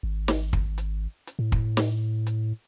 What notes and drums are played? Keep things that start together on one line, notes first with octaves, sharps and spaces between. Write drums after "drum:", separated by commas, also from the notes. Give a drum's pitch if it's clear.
G#1
drum: snare
drum: kick
drum: hi-hat
drum: hi-hat
A2
drum: kick
drum: snare
drum: hi-hat